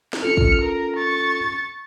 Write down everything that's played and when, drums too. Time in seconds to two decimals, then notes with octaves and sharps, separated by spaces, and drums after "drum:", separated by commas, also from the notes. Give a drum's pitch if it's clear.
0.13 drum: snare
0.23 C#4 F4 A4 F6 C#7
0.37 drum: kick
0.61 A#4
0.97 C#6 A6